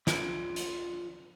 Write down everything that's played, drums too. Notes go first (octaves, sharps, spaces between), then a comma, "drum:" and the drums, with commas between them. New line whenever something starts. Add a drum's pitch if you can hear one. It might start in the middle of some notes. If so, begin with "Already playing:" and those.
F4 B5, drum: snare
drum: hi-hat